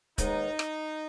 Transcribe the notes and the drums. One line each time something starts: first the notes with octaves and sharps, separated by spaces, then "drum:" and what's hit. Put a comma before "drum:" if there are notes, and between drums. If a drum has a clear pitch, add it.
D#2 D#3 G#3 B3 D#4, drum: kick, hi-hat
drum: rim click